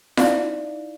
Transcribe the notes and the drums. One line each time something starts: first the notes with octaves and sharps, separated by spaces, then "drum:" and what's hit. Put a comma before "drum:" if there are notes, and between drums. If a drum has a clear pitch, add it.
D#4 E4 D5 E5 F5, drum: snare F4